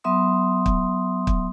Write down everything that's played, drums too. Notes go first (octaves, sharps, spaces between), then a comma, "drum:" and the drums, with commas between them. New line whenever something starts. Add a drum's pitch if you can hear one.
F#3 B3 E5 C6 D#6
drum: kick
drum: kick